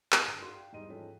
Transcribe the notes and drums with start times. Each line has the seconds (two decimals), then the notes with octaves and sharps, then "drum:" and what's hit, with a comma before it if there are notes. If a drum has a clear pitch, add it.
0.12 G#2 D5 F#5, drum: clap
0.25 G1 F#6 B6 C7
0.42 F#4 G#4 A#4 D5 F5 C6
0.55 G5
0.73 E2 G#2 G3 D#5 D#7
0.89 G#2 F3 C#4 A4 G5 B6